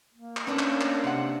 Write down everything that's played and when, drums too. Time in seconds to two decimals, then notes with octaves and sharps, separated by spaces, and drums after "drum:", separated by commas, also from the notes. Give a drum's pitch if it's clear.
0.14 A#3
0.37 drum: clap
0.47 B3 C#4 D4
0.59 drum: clap
0.81 drum: clap
1.04 C3 F#5